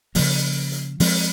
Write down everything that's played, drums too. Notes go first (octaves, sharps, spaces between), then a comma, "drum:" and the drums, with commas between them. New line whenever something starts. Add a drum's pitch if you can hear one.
C#3 F3 A#3, drum: open hi-hat
drum: hi-hat
F3 G#3 C4, drum: open hi-hat